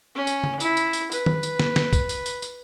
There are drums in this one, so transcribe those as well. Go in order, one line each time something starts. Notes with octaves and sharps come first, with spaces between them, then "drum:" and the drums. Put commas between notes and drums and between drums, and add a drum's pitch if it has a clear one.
C#4
drum: tambourine
drum: tom C#3
E4, drum: tambourine
drum: tambourine
drum: tambourine
B4, drum: tambourine
drum: tom D#3
drum: tambourine
drum: snare
drum: snare
drum: kick, tambourine
drum: tambourine
drum: tambourine
drum: tambourine